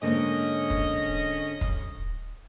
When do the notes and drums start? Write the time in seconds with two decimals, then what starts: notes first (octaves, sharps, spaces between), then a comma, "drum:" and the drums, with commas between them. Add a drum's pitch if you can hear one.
0.02 G#2 D3 A#3 C#4 D#5
0.70 drum: kick
1.61 drum: kick